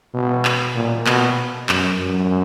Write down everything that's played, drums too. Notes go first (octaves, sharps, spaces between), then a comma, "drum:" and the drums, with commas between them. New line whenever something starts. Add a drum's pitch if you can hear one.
B2
drum: clap
A#2
B2, drum: clap
F#2, drum: clap
F#2